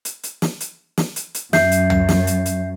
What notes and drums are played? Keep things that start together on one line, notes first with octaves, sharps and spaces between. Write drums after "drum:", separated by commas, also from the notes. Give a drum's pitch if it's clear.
drum: hi-hat
drum: hi-hat
drum: snare
drum: hi-hat
drum: snare
drum: hi-hat
drum: hi-hat
F#2 E5 G6 C7, drum: snare
drum: hi-hat
drum: tom
drum: snare
drum: hi-hat
drum: hi-hat